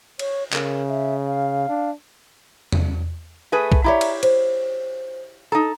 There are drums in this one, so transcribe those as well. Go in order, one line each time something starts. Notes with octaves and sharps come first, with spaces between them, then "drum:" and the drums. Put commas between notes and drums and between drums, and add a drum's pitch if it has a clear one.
C#5, drum: cymbal
C#3 A#4, drum: clap
E5
F5
D4
drum: tom
A3 G#4 B4
drum: kick B1
E4 G4 C#5 D5 E5 A#5
drum: cymbal
C5, drum: cymbal
D#4 A4 A#5